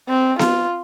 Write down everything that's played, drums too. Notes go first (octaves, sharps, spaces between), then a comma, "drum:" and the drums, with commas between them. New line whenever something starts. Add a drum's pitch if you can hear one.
C4
F4, drum: snare B3